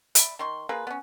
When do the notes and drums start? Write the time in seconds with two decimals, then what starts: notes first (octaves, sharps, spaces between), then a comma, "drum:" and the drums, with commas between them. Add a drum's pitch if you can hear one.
0.15 D5 E5 B5, drum: hi-hat
0.39 D#3 C6 C#6
0.69 A#3 F4 G#4 B4
0.87 B3 C#4